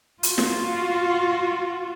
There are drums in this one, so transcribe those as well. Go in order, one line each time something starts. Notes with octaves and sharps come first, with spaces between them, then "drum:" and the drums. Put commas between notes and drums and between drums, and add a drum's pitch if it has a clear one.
F4 F#4, drum: hi-hat
drum: snare